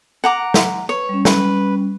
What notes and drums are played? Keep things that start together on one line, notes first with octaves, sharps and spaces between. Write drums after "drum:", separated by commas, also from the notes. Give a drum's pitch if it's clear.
F#5 A#5 D6
drum: snare
B4 C#5
G3 C#4
B4, drum: snare